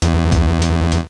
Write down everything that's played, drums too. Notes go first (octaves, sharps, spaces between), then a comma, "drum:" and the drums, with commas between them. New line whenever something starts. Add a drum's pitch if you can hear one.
E2, drum: hi-hat
drum: kick, hi-hat
drum: hi-hat
drum: hi-hat